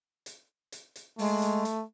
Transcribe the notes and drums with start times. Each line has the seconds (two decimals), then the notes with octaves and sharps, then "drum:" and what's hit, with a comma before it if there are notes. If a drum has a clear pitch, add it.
0.26 drum: hi-hat
0.72 drum: hi-hat
0.96 drum: hi-hat
1.19 G#3 A3, drum: open hi-hat
1.42 drum: hi-hat
1.65 drum: hi-hat